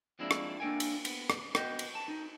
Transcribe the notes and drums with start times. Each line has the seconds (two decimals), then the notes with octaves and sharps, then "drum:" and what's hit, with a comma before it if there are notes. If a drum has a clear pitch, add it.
0.19 F3 G#3 A#3 C4 D4 E4
0.31 drum: rim click
0.60 A#3 D4 A4 A#4 G5 G#5
0.80 drum: cymbal
1.05 B3, drum: cymbal
1.30 drum: rim click
1.55 B3 F#4 D#5 G5, drum: rim click
1.79 drum: cymbal
1.95 A5
2.08 D#4